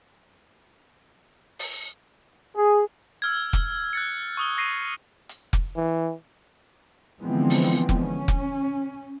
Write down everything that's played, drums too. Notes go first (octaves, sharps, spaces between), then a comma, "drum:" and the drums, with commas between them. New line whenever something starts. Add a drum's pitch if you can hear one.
drum: open hi-hat
G#4
E6 F6 G#6
drum: kick F1
F#6 A6 C#7
C#6 D#6 G7
C#6 A#6 C7 D#7
drum: hi-hat
drum: kick F1
E3
D3 E3 F3 G#3 B3 C4
drum: open hi-hat
drum: kick F1
C#4
drum: kick F1